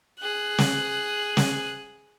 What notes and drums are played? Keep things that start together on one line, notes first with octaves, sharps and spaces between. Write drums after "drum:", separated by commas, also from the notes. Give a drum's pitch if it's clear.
G#4 F#6
drum: snare
drum: snare